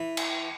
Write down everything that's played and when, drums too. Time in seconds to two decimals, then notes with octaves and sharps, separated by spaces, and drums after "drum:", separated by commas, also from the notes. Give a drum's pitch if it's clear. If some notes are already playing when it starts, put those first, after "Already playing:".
Already playing: E3
0.17 drum: cymbal